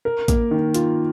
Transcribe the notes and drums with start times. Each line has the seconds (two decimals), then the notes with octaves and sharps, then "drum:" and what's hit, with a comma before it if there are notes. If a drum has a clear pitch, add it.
0.05 A#4
0.28 A#3, drum: kick, hi-hat
0.51 D#3
0.74 F4, drum: hi-hat